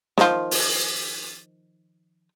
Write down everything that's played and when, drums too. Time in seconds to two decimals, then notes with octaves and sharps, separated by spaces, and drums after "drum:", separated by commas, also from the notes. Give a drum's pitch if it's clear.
0.18 D#3 F3, drum: snare
0.51 drum: open hi-hat